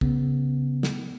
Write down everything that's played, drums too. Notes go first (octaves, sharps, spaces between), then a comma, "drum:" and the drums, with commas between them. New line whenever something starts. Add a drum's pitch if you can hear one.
C#3 B3, drum: kick
drum: snare